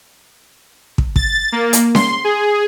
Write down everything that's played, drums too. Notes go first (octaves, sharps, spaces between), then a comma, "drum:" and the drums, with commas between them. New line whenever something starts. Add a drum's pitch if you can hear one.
drum: kick
A6, drum: kick
A#3
drum: hi-hat
C6, drum: snare C#4
G#4